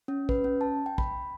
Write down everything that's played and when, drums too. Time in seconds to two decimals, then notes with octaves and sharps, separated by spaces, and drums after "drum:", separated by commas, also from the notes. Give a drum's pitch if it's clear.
0.08 C#4
0.29 B4, drum: kick
0.44 C#4
0.61 A5
0.86 G5
0.98 B5, drum: kick